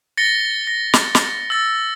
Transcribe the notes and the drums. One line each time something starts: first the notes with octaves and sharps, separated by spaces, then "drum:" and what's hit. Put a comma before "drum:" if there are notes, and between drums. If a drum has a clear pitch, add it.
A6 A#6 C#7 G7
A#6
drum: snare
drum: snare
E6 A6